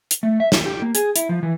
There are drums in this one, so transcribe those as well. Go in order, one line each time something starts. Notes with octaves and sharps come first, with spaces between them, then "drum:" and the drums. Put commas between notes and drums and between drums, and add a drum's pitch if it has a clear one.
drum: hi-hat
A3
E5
D#2, drum: snare
G4
A#3
G#4, drum: hi-hat
E4, drum: hi-hat
F3
E3